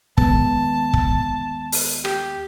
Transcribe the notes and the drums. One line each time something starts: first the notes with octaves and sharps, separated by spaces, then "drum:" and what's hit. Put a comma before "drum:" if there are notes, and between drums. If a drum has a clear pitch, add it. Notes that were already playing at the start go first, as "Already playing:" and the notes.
D#2 G#3 B3 A5, drum: kick
drum: kick
drum: open hi-hat
G4, drum: rim click